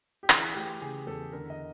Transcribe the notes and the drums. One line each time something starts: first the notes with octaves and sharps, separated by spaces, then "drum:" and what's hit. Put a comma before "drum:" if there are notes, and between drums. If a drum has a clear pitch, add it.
G4
E3 G#4, drum: clap
A3 G4
C#3 G#4
E2 A4
D3 A#4
D#5